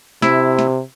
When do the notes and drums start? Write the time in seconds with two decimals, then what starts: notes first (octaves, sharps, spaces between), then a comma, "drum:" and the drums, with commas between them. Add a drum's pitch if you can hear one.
0.22 C3 E4, drum: snare
0.59 drum: snare